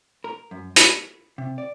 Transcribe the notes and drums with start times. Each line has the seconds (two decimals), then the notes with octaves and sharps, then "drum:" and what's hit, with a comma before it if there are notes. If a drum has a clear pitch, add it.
0.24 A#4
0.51 F#2
0.76 B5, drum: hi-hat
1.38 C3
1.58 D5